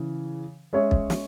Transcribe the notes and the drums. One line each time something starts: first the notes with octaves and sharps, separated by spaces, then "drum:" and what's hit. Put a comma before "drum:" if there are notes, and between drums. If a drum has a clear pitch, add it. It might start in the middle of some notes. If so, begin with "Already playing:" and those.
Already playing: C#3 E3
G#3 C#4 G#4 C#5 E5
drum: kick
drum: snare